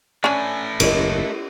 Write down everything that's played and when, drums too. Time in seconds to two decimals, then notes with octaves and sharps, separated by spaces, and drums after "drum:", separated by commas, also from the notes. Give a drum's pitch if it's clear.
0.24 A3 C#4 D4 B4 G#5
0.80 F#1 D#2 G#2 A#4 D#5, drum: cymbal